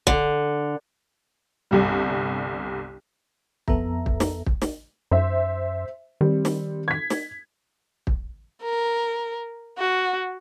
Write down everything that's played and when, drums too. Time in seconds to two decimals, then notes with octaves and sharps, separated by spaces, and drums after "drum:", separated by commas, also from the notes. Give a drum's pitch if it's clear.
0.07 D3, drum: kick
1.71 G1 C2 G3
3.68 F2 B3 A4 E5 A#5, drum: kick
4.06 drum: kick
4.20 drum: snare
4.46 drum: kick
4.62 drum: snare
5.11 F#2 C5 E5
6.21 D#3 G3 C4
6.45 drum: snare
6.88 G#6 B6
7.10 drum: snare
8.07 drum: kick
8.63 A#4
9.78 F#4